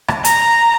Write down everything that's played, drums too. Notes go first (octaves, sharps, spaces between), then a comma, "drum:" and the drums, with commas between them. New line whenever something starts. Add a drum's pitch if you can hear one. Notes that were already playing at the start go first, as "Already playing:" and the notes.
drum: rim click
A#5, drum: hi-hat